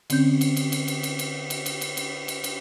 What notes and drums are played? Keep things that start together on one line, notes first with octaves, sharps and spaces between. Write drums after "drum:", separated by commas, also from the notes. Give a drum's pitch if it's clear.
D3 C4 C#4 G6, drum: cymbal
drum: cymbal
drum: cymbal
drum: cymbal
drum: cymbal
drum: cymbal
drum: cymbal
drum: cymbal
drum: cymbal
drum: cymbal
drum: cymbal
drum: cymbal
drum: cymbal